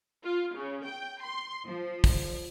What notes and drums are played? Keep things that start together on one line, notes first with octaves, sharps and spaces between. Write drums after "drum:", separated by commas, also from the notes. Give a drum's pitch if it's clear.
F4
C#3
G5
C6
F3
drum: kick, open hi-hat